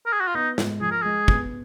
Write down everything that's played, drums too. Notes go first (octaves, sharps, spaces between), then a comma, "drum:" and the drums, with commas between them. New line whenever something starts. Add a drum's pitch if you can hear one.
A#4
G#4
F#4
F4
B3 D#4
G#2, drum: snare
F3 G#4
A#4
G#3 G#4
B3, drum: kick